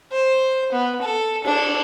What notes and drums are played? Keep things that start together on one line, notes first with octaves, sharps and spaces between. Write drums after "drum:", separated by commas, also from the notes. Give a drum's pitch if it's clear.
C5
B3
A4
D4, drum: cymbal